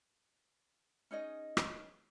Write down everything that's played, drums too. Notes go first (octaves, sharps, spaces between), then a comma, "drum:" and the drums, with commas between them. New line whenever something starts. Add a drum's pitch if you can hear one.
C#4 D#4 G#4 D#5
drum: rim click